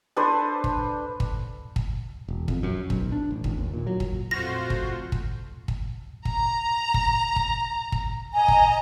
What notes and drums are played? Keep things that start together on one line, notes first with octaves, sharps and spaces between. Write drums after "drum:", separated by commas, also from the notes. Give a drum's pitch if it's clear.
D4 A4 B4 C5
drum: kick
drum: kick
drum: kick
E1
F2, drum: kick
F#2
B1, drum: kick
D4
A1
G#1, drum: kick
D#2
A#2
F#3
drum: kick
A#1 F2 A3 F4 F#4 C5 A#6
drum: kick
drum: kick
drum: kick
A#5, drum: kick
drum: kick
drum: kick
drum: kick
D#5 G#5 A#5
drum: kick